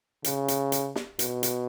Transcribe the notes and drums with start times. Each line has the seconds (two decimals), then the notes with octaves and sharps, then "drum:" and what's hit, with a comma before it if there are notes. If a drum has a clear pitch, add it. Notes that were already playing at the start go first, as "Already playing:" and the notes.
0.24 C#3, drum: hi-hat
0.48 drum: hi-hat
0.72 drum: hi-hat
0.96 drum: snare
1.19 B2, drum: hi-hat
1.43 drum: hi-hat